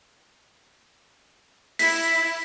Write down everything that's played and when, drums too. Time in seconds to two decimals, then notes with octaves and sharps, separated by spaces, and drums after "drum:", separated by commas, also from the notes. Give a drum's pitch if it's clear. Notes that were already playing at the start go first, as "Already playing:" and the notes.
1.79 E4 B6, drum: open hi-hat